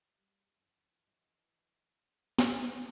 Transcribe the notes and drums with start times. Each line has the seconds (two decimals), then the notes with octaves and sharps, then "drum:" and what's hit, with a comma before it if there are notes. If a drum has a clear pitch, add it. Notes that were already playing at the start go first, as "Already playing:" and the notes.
0.17 G3
0.56 F#2 E3 F3
1.07 G#3 E4
2.39 F#2, drum: snare